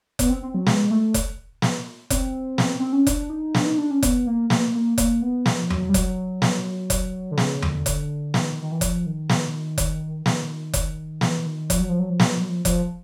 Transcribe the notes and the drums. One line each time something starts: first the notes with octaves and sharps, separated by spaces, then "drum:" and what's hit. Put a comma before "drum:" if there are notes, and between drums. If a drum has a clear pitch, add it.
B3, drum: kick F1, hi-hat
C4
C4
F#3
G#3, drum: snare
A3
drum: kick F1, hi-hat
drum: snare
C4, drum: kick F1, hi-hat
drum: snare
C4
C#4
D4, drum: kick F1, hi-hat
D#4
D4, drum: snare
D#4
D4
C#4
B3, drum: kick F1, hi-hat
A#3
A#3, drum: snare
A#3
A#3, drum: kick F1, hi-hat
B3
F3, drum: snare
F#3, drum: tom E2
G3
F#3, drum: kick F1, hi-hat
drum: snare
drum: kick F1, hi-hat
D3
C#3, drum: snare
D3, drum: tom E2
drum: kick F1, hi-hat
D#3, drum: snare
D#3
E3
F3, drum: kick F1, hi-hat
D#3
drum: snare
drum: kick F1, hi-hat
D#3, drum: snare
drum: kick F1, hi-hat
E3, drum: snare
D#3
F3, drum: kick F1, hi-hat
F#3
F3
F#3
F3
F#3, drum: snare
F3
F#3
F3
F3, drum: kick F1, hi-hat